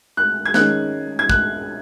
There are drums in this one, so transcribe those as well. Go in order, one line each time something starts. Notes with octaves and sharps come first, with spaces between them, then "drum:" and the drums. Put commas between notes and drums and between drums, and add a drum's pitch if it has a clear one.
F#6
G#6
D#3 G#3 C#4 F#6, drum: snare
G#6
F#6, drum: kick